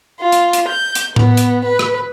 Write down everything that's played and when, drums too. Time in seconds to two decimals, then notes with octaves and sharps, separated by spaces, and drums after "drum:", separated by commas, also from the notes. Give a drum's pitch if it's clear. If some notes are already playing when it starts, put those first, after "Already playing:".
0.20 F4
0.32 drum: hi-hat
0.53 drum: hi-hat
0.68 G6
0.95 drum: hi-hat
1.16 B3, drum: tom A2
1.37 drum: hi-hat
1.65 B4
1.79 drum: rim click